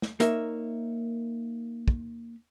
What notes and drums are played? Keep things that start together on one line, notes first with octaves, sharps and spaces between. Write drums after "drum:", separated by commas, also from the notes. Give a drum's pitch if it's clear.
drum: snare
A#3 D#4 A#4 C#5 E5, drum: hi-hat
drum: kick